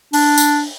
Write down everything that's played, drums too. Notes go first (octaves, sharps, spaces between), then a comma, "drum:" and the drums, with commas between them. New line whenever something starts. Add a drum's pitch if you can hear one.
D4, drum: open hi-hat
drum: tambourine